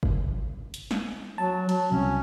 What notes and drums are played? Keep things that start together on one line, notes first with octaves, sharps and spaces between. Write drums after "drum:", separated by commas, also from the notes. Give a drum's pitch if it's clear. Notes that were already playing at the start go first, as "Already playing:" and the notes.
drum: kick G1
drum: hi-hat
drum: snare
F#3 A5
F#3, drum: cymbal
C2 C#4